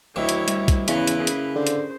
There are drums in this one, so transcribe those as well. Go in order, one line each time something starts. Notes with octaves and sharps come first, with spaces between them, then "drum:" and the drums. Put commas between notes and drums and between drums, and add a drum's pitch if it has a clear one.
D2 D#3 F#3 E4 C#5 E5
drum: hi-hat
G3 E5, drum: hi-hat
drum: kick, hi-hat
E2 C#3 C#4 E4 B4 C#5 E5, drum: hi-hat
drum: hi-hat
C#4 G#4 A#4
drum: hi-hat
D3 C5
drum: hi-hat